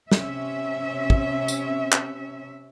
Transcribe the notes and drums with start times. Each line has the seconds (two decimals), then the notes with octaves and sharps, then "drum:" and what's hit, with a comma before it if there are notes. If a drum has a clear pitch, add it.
0.12 C3 C#4 E5, drum: snare
1.10 drum: kick
1.48 drum: tambourine
1.92 drum: clap